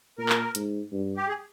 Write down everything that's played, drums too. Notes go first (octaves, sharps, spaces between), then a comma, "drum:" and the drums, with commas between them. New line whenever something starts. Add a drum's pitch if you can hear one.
A#2 A#4
drum: clap
G#2, drum: hi-hat
G2
G4
G#4